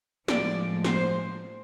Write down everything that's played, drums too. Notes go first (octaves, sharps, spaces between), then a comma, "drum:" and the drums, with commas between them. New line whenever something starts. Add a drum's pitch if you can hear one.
A2 F3 G#3 D5, drum: snare
C5, drum: snare